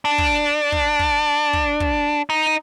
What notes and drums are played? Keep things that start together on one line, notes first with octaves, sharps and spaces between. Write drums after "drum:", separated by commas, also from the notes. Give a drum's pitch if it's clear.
D4
drum: kick
drum: kick
drum: kick
drum: kick
drum: kick
D#4